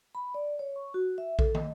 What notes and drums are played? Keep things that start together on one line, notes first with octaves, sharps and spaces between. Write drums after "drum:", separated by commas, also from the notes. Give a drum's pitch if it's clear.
B5
D5
C#5
C#6
F#4
E5
A4, drum: kick A#1
D#5, drum: tom